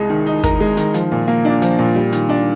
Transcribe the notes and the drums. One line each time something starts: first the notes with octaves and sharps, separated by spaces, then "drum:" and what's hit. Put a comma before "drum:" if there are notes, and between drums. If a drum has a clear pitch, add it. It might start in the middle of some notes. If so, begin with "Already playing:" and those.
Already playing: C2 G#3
D#3
D#4
A#4, drum: kick, hi-hat
G#3
D#3, drum: hi-hat
F3, drum: hi-hat
A#2
A#3
D4
F3, drum: hi-hat
A#2
G3
D#3, drum: hi-hat
D4